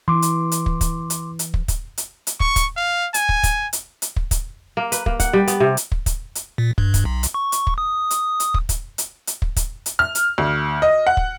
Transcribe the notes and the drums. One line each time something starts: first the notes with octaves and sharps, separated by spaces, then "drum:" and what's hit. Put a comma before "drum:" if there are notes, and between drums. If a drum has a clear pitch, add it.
E3 C6 D6
drum: hi-hat
drum: hi-hat
drum: kick
drum: kick, hi-hat
drum: hi-hat
drum: hi-hat
drum: kick
drum: kick, hi-hat
drum: hi-hat
drum: hi-hat
C#6, drum: kick
drum: kick, hi-hat
F5
G#5, drum: hi-hat
drum: kick
drum: kick, hi-hat
drum: hi-hat
drum: hi-hat
drum: kick
drum: kick, hi-hat
A#3
B4, drum: hi-hat
A#3, drum: kick
F#5, drum: kick, hi-hat
G3
B3, drum: hi-hat
C3
drum: hi-hat
drum: kick
drum: kick, hi-hat
drum: hi-hat
A#2
G2, drum: kick
drum: kick, hi-hat
B1
drum: hi-hat
C#6
drum: hi-hat
drum: kick
D#6
drum: hi-hat
drum: hi-hat
drum: kick
drum: kick, hi-hat
drum: hi-hat
drum: hi-hat
drum: kick
drum: kick, hi-hat
drum: hi-hat
F6
drum: hi-hat
D2
D#5
F#5
drum: kick